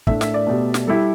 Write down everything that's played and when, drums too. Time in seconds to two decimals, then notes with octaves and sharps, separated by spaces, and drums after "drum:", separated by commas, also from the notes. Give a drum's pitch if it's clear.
0.07 A2 A3 D4 E5, drum: kick
0.21 E5, drum: snare
0.34 D5
0.47 B2 A3 G4
0.74 drum: snare
0.87 G3 E4 G4 A4